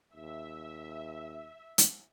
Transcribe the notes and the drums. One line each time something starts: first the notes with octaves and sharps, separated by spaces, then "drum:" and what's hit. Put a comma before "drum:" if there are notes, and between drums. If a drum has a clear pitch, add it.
D#2 E5
drum: hi-hat